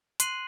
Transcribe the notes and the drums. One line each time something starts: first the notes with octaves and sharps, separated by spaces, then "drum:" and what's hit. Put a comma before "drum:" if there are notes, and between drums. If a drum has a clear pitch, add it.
C6 F#6 C7 D#7 F#7, drum: hi-hat